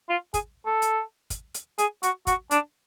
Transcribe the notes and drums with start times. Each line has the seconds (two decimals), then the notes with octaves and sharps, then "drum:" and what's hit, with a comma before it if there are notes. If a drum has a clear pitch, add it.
0.09 F4
0.34 G#4, drum: kick, hi-hat
0.66 A4
0.82 drum: hi-hat
1.30 drum: kick, hi-hat
1.54 drum: hi-hat
1.78 G#4, drum: hi-hat
2.03 F#4, drum: hi-hat
2.27 F#4, drum: kick, hi-hat
2.51 D4, drum: hi-hat